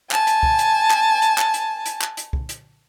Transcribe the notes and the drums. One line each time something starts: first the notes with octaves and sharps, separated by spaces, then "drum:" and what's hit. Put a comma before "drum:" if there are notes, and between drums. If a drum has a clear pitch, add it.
G#5 A5, drum: clap
drum: hi-hat
drum: kick
drum: hi-hat
drum: clap
drum: hi-hat
drum: clap
drum: hi-hat
drum: hi-hat
drum: clap
drum: hi-hat
drum: kick
drum: hi-hat